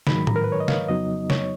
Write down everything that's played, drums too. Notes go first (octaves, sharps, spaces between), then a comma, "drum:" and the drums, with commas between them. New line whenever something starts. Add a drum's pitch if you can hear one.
G#2 D#3 F#3 B5, drum: snare
A#5, drum: tom A2
A#4
B4
C#5
D#5
F5, drum: snare
F2 C#3 F#3 B3 D#4 D#5
C#5, drum: snare